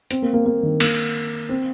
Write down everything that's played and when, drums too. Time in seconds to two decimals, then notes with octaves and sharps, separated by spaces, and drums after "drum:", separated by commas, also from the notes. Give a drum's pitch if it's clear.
0.11 C4, drum: hi-hat
0.22 A#3
0.33 A#3
0.46 A#3
0.63 D#3
0.80 A#3, drum: cymbal
1.49 C4